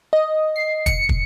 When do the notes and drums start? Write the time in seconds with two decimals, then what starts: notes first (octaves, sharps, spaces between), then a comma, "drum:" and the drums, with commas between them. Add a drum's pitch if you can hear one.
0.13 D#5
0.56 C7
0.86 C#7, drum: kick, hi-hat
1.09 drum: kick